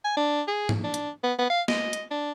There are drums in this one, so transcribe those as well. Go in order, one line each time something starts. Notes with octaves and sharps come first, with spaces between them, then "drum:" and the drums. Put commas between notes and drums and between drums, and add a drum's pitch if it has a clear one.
G#5
D4
G#4
drum: tom
D4
drum: hi-hat
B3
B3
F5
D#5, drum: snare
drum: hi-hat
D4